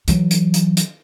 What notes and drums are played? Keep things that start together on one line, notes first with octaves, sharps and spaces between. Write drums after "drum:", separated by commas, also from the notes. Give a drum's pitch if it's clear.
E3 F#3, drum: hi-hat
drum: hi-hat
drum: hi-hat
drum: hi-hat